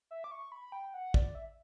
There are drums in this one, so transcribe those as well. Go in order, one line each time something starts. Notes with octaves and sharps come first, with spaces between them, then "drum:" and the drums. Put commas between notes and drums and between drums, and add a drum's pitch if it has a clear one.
E5
D6
C#6
B5
G5
F#5
D5, drum: kick
E5